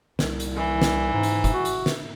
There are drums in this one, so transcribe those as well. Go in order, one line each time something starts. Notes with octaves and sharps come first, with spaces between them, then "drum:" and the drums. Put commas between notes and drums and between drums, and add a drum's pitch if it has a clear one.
C2, drum: snare
drum: hi-hat
E3
drum: snare
G#2
drum: hi-hat
drum: kick, hi-hat
F#4
drum: hi-hat
drum: snare